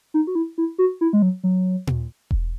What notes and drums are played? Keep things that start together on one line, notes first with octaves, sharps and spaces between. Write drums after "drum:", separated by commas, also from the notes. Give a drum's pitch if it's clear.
D#4
F#4
E4
E4
F#4
E4
G#3
F#3
F#3
drum: tom A#2
drum: kick E1